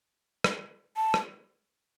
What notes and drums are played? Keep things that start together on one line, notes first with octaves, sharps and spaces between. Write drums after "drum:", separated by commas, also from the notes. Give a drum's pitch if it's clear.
drum: rim click
A5
drum: rim click